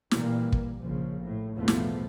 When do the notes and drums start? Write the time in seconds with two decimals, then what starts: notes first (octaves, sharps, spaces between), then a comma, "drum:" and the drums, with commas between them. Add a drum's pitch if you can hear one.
0.11 A#2 E3 G3 A#3, drum: snare
0.52 drum: kick
0.81 A#1 C#3 F3
1.21 A2
1.54 B1 E2 A2 F3 A3 B3
1.68 drum: snare